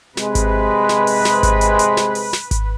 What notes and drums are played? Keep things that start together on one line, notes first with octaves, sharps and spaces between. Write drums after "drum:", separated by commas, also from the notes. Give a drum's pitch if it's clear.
C3 G#3 B4, drum: snare
drum: kick G#1, hi-hat
drum: snare
drum: open hi-hat
drum: snare
drum: kick G#1, hi-hat
drum: hi-hat
drum: hi-hat
drum: snare
drum: open hi-hat
drum: snare
drum: kick G#1, hi-hat